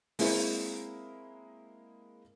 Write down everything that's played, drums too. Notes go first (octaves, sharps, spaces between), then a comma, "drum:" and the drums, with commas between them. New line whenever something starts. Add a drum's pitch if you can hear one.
G#3 A#3 C4 E4 A#4, drum: open hi-hat